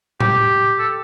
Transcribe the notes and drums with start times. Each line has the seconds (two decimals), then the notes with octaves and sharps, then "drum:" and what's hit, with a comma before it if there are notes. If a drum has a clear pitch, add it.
0.20 G4, drum: tom A2
0.79 A4